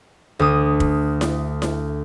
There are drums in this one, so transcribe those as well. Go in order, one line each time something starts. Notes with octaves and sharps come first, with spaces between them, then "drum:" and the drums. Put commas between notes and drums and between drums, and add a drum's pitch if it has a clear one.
D2 D#6
drum: kick
drum: snare E4
drum: snare E4